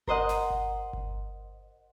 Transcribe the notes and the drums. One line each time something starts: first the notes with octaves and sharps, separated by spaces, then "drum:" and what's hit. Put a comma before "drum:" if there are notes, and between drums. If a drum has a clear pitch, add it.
A#4 C5 D#5 F#5, drum: kick G1
drum: snare
drum: kick G1
drum: kick G1